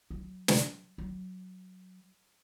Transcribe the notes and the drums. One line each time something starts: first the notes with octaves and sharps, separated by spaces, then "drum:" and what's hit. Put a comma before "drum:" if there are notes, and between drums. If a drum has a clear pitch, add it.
F#3
drum: snare
F#3